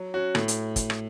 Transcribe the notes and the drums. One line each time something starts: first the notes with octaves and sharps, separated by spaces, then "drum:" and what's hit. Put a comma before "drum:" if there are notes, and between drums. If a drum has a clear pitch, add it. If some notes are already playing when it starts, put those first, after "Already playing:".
Already playing: F#3
C#4 F#4
A2, drum: rim click
drum: hi-hat
drum: kick, hi-hat
drum: rim click